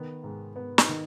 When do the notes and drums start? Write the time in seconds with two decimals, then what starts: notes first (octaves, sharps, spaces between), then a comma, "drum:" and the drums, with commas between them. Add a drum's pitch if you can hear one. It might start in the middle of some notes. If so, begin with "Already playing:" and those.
Already playing: D#3 B3
0.24 G#2
0.56 G#2 B3
0.78 D#4, drum: snare
0.89 D#3